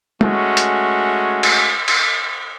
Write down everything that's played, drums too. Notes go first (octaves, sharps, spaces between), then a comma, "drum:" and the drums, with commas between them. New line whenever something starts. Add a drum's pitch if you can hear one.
G#3 A3 C#4 F#4, drum: tom
drum: hi-hat
drum: cymbal
drum: cymbal